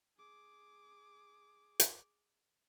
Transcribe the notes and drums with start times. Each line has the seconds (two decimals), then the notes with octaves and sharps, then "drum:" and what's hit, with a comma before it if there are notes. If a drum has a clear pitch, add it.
0.18 G#4 D6
1.80 drum: hi-hat